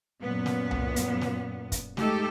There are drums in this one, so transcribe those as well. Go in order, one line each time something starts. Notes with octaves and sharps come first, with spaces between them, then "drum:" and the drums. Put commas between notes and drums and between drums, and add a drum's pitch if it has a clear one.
F#2 A#2 B3
drum: snare
drum: tom C2
drum: hi-hat
drum: snare
drum: kick, hi-hat
G#3 A3 D#4 G4 A4, drum: snare